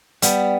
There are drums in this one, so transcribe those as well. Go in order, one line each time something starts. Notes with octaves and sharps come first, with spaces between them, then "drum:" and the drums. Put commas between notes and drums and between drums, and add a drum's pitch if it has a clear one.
G3 B3, drum: hi-hat